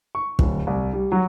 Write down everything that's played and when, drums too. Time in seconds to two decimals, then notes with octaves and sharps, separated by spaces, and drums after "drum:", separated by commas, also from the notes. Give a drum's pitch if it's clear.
0.15 C#6
0.39 D1, drum: kick
0.67 C2
0.93 G3
1.12 F#3